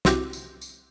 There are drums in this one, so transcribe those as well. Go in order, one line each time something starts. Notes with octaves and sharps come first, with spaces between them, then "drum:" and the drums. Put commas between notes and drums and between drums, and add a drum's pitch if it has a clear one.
C2 C4 E4 F#4 G4 D6, drum: snare
drum: tambourine
drum: tambourine